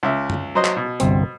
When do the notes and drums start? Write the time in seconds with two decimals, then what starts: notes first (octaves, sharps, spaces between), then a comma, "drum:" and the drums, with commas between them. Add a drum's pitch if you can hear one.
0.03 C#2 E5
0.30 drum: tom
0.55 F#3 C5 D#5 A#5
0.65 drum: clap
0.77 B2
1.00 G1 C2 C4, drum: hi-hat